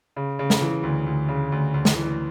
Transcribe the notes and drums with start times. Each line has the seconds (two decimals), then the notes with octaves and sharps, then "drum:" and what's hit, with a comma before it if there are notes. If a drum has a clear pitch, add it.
0.16 C#3
0.39 C#3
0.50 drum: snare
0.62 E3
0.83 D2
1.06 D2
1.29 C#3
1.52 D2
1.74 D2
1.85 drum: snare
1.96 E3